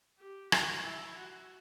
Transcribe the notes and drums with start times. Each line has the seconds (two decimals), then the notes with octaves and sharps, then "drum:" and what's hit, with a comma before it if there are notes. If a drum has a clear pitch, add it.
0.19 G4
0.52 F#4, drum: rim click
0.84 E4
1.17 F#4